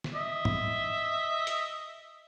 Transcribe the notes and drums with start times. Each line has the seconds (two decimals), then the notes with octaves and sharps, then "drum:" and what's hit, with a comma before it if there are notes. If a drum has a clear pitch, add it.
0.04 drum: snare
0.15 D#5 E5
0.45 drum: tom
1.47 drum: hi-hat